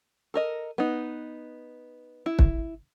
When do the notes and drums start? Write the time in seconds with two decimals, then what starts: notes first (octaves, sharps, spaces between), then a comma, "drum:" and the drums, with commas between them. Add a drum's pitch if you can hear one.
0.34 A4 A#4 D#5
0.78 B3 D#4
2.26 E4
2.39 drum: kick